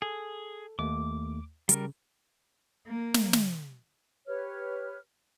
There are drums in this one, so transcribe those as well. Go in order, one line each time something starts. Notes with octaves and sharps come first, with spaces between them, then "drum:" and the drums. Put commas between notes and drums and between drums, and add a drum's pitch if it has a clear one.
G#4 A4
D#2 A3 D6
C#3 G3 A#4, drum: hi-hat
A#3
drum: snare
drum: snare
G4 B4 C#5 F6